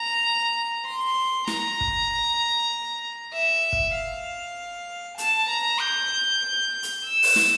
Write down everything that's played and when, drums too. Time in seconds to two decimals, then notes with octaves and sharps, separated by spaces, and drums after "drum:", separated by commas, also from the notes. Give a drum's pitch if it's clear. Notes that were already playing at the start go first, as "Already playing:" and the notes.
Already playing: A#5
0.86 C6
1.48 A#5, drum: snare
1.81 drum: kick
3.33 E5
3.73 drum: kick
3.95 F5
5.18 A5, drum: hi-hat
5.49 A#5
5.80 G6
6.83 drum: hi-hat
7.04 E6
7.22 drum: open hi-hat
7.36 drum: snare